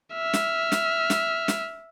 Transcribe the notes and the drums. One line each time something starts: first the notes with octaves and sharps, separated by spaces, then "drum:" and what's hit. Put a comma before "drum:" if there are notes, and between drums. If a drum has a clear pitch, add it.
E5 F6
drum: snare
drum: snare
drum: snare
drum: snare